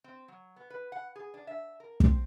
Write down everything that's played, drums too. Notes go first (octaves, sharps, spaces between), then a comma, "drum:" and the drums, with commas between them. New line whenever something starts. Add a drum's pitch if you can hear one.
C4
F#3
B3
B4
F#5
G#4
D4
E5
A#4
C4, drum: kick